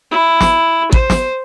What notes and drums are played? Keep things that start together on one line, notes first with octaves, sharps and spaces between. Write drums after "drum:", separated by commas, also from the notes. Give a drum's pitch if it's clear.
E4
drum: snare
C5, drum: kick
drum: snare